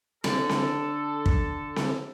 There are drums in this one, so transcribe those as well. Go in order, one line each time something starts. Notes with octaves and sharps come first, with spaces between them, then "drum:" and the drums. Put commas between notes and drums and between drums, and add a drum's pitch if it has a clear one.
D3 A4, drum: snare C4
drum: snare C4
drum: kick
drum: snare C4